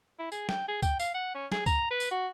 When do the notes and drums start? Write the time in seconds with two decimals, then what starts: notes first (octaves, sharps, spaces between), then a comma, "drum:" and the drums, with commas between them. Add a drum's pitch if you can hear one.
0.19 E4
0.32 G#4, drum: tambourine
0.49 G5, drum: snare
0.68 G#4
0.82 G5, drum: kick, tambourine
0.99 F5, drum: tambourine
1.14 F#5
1.35 C#4
1.52 G#4, drum: snare
1.66 A#5, drum: kick, tambourine
1.91 B4
2.00 drum: tambourine
2.11 F#4